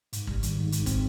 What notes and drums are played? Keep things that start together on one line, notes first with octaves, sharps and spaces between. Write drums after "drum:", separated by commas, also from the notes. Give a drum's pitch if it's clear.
G#2, drum: hi-hat
G3, drum: kick
D#3, drum: hi-hat
G#2
G#2, drum: hi-hat
C4, drum: kick, hi-hat